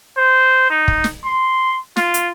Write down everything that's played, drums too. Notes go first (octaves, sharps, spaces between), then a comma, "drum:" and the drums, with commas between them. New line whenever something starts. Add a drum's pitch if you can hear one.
C5
D#4
drum: kick
drum: snare
C6
F4, drum: snare
drum: hi-hat